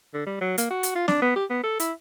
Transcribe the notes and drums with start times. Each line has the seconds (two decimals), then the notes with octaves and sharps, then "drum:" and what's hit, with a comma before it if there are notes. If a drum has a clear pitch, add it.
0.14 D3
0.26 G3
0.41 F#3
0.58 A#3, drum: hi-hat
0.71 F#4
0.83 drum: hi-hat
0.95 F4
1.08 D4, drum: snare
1.22 B3
1.36 G4
1.50 B3
1.63 A4
1.80 E4, drum: hi-hat